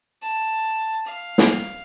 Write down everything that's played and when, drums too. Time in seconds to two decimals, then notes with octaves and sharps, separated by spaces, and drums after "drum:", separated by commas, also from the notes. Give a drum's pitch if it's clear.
0.22 A5
1.06 F5
1.38 drum: snare